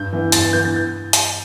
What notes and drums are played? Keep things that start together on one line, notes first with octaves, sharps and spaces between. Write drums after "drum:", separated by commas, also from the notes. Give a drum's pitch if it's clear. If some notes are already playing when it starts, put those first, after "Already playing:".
Already playing: G2 G6
E3 B3
G2 A6, drum: hi-hat
E3 B3 G6
A6
G6
drum: hi-hat